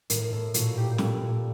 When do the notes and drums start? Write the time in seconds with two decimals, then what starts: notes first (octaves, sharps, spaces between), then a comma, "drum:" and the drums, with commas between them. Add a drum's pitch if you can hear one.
0.10 A2 A#4, drum: hi-hat
0.32 A2 A4
0.54 A#2 F#4, drum: hi-hat
0.76 A#2 G4
0.91 G4
0.98 A#2 A4, drum: snare
1.21 A#2